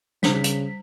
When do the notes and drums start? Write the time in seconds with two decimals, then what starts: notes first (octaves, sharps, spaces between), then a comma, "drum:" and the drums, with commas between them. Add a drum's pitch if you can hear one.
0.23 C#3 G3 B6, drum: snare
0.44 drum: hi-hat